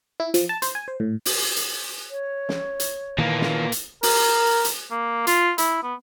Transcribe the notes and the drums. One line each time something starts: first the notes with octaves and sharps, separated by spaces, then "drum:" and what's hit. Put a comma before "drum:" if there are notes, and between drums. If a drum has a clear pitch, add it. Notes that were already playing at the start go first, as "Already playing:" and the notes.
E4
F3, drum: hi-hat
A5
C5, drum: hi-hat
G#5
C5
A2
drum: open hi-hat
drum: hi-hat
C#5
drum: snare
drum: hi-hat
A#2 D#3 E3 A#3 B3 F4
drum: snare
drum: hi-hat
A#4, drum: open hi-hat
drum: hi-hat
A#3
F4, drum: hi-hat
E4, drum: hi-hat
B3